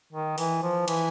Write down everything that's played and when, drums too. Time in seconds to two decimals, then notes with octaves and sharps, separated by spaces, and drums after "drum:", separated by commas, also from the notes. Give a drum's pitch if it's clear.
0.13 D#3
0.38 E3, drum: open hi-hat
0.63 F3
0.88 E3, drum: cymbal